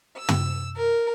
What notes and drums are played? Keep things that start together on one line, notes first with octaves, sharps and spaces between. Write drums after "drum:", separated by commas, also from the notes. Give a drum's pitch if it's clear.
E6
drum: tom
A#4